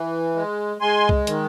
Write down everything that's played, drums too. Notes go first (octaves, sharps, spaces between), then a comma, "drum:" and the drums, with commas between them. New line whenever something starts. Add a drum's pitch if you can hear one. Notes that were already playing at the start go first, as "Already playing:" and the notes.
Already playing: E3
G#3
G#3 G#5 C6
drum: kick C2
D#3, drum: hi-hat